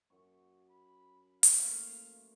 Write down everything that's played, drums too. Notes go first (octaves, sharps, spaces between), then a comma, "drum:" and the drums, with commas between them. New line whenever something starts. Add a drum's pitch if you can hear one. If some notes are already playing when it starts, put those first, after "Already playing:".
F#2 C#6
B5
A3 A#3 C5 F5, drum: hi-hat